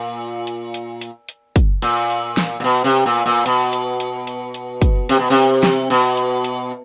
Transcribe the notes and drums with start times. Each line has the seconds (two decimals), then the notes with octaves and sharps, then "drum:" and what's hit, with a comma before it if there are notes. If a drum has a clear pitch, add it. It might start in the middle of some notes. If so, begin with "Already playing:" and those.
Already playing: A#2
0.47 drum: hi-hat
0.74 drum: hi-hat
1.01 drum: hi-hat
1.29 drum: hi-hat
1.56 drum: kick, hi-hat
1.82 A#2, drum: hi-hat
2.10 drum: open hi-hat
2.37 drum: snare
2.60 A#2
2.64 B2
2.84 C3
3.06 A#2
3.26 A#2
3.46 B2, drum: hi-hat
3.73 drum: hi-hat
4.00 drum: hi-hat
4.27 drum: hi-hat
4.54 drum: hi-hat
4.82 drum: kick, hi-hat
5.09 C3, drum: hi-hat
5.19 B2
5.30 C3
5.63 drum: snare
5.90 B2, drum: open hi-hat
6.17 drum: hi-hat
6.44 drum: hi-hat